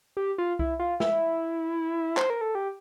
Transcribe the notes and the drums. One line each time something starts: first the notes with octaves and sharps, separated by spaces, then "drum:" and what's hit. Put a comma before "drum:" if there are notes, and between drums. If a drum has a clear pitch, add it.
G4
F4
E4, drum: kick C2
F4
E4, drum: snare
C5, drum: clap
A#4
A4
G4